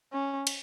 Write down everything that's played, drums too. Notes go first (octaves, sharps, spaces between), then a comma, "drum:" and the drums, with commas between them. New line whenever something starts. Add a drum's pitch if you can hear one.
C#4
drum: cymbal